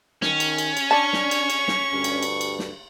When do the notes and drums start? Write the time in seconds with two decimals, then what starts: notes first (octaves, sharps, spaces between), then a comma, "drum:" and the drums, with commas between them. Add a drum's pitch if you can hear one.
0.22 D#3 C#4, drum: snare
0.40 drum: cymbal
0.58 drum: cymbal
0.77 drum: cymbal
0.91 D4 D5 A5 C#6
1.13 drum: snare
1.31 drum: cymbal
1.50 drum: cymbal
1.68 drum: snare
1.92 D2 G2
2.04 drum: cymbal
2.23 drum: cymbal
2.41 drum: cymbal
2.59 drum: snare